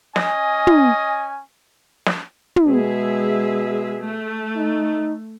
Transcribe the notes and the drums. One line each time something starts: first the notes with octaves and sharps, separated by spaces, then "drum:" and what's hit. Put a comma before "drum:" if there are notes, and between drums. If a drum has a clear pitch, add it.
C#4 D#5 G#5, drum: snare
drum: tom
drum: snare
drum: tom
B2 G#3 G#4 E5
A3
D#4